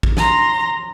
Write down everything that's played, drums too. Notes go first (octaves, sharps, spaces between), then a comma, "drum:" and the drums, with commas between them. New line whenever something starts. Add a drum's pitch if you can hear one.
drum: kick
A#5 C6, drum: snare